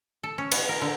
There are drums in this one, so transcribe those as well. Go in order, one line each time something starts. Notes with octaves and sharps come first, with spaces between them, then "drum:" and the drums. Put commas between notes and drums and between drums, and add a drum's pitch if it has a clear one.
A4
C#4
B3, drum: cymbal
A#4
D3